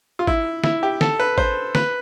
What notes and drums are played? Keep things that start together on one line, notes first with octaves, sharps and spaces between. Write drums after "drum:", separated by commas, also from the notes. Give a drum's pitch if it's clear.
F4
E4, drum: kick G#1
E4, drum: snare
G4
A4, drum: snare
B4
C5, drum: kick G#1
B4, drum: snare